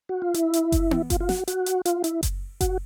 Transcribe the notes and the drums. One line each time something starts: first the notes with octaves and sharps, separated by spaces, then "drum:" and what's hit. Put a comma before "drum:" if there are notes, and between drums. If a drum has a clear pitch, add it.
F#4
F4
E4, drum: hi-hat
drum: hi-hat
drum: kick F#1, hi-hat
drum: tom B3
F4, drum: kick F#1, hi-hat
F4
F#4, drum: snare
F#4, drum: hi-hat
drum: hi-hat
F4, drum: hi-hat
E4, drum: hi-hat
drum: kick F#1, hi-hat
F#4, drum: kick F#1, hi-hat